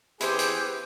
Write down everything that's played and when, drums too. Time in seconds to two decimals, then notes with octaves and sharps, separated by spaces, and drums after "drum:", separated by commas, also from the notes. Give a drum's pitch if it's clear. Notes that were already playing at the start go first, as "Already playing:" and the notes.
0.21 E3 B3 E4 G4 G#4 C5, drum: hi-hat
0.39 drum: hi-hat